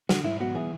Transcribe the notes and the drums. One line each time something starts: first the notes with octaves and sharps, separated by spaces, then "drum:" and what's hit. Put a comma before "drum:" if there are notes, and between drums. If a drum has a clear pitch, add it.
D3 F#4, drum: snare
G#2 E4
B3 F#4
E3 G#4